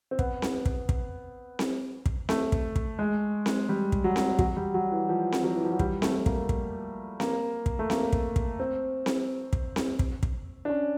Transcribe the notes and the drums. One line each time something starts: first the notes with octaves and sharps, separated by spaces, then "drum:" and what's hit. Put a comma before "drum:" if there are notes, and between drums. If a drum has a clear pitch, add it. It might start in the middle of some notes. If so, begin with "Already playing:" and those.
C4
B3, drum: kick
drum: snare C4
drum: kick
drum: kick
drum: snare C4
drum: kick
A3, drum: snare C4
drum: kick
drum: kick
G#3
drum: snare C4
G3
drum: kick
F#3
drum: snare C4
F#3, drum: kick
G3
F#3
E3
F3
drum: snare C4
F#3
E3
F3
F#3
G3, drum: kick
A3, drum: snare C4
A#3, drum: kick
drum: kick
A#3, drum: snare C4
drum: kick
A3
A#3, drum: snare C4
drum: kick
drum: kick
C4
drum: snare C4
drum: kick
drum: snare C4
drum: kick
drum: kick
D4
C#4